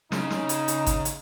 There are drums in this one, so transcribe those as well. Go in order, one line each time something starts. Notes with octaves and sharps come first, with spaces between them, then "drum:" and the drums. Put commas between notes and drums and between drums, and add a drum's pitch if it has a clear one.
C#3 D#4, drum: snare
drum: snare
drum: hi-hat
drum: hi-hat
drum: kick G#1, hi-hat
drum: hi-hat